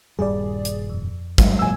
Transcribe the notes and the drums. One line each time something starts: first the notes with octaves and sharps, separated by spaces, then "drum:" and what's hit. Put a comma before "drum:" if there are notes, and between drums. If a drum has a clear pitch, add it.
D#1 G2 G3 G#4 D5
drum: hi-hat
F2
G2 F#3 G#3, drum: kick, hi-hat
G#1 E2 A#2 G#5 E6